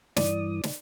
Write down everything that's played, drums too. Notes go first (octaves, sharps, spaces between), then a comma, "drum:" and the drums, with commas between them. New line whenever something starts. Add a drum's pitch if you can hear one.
G2 E3 D5 D#6, drum: snare
drum: snare